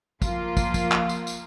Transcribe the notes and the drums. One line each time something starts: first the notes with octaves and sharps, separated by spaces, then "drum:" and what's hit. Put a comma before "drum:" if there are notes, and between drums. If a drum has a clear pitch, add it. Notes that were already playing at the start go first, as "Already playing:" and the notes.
F3 A#3 F4, drum: kick, tambourine
drum: kick, tambourine
drum: kick, tambourine
drum: clap
drum: tambourine
drum: tambourine